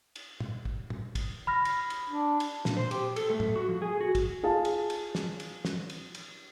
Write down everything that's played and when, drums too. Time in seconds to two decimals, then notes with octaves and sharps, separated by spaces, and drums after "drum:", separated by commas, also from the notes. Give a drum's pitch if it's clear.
0.15 drum: cymbal
0.40 drum: tom
0.65 drum: kick
0.90 drum: tom
1.15 drum: kick, cymbal
1.47 B5 F6 A#6
1.65 drum: cymbal
1.90 drum: cymbal
2.09 D4
2.40 drum: cymbal
2.65 A#2, drum: snare
2.77 C5
2.91 G4, drum: cymbal
3.16 A4, drum: cymbal
3.30 A3
3.40 drum: tom
3.56 F#4
3.69 F3
3.82 G#4
4.00 F#4
4.15 drum: kick, cymbal
4.43 F4 G#4 F5 A5
4.65 drum: cymbal
4.90 drum: cymbal
5.15 drum: snare
5.40 drum: cymbal
5.65 drum: snare
5.90 drum: cymbal
6.15 drum: cymbal